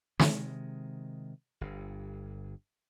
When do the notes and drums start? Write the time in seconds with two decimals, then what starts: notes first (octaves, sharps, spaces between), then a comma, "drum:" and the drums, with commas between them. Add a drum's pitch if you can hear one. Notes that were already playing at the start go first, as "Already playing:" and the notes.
0.19 C3 D#3 G#3, drum: snare
1.61 G1 G2